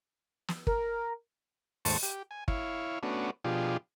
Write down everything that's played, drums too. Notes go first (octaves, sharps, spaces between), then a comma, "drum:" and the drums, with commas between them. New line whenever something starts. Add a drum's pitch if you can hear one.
drum: snare
A#4, drum: kick
D#2 G#2 A3 C5 A5 C#6, drum: open hi-hat
G4, drum: hi-hat
G#5
E4 C#5 F5, drum: kick
A3 B3 C#4 D4 F#4
B2 F3 D4 F4 G4 G#4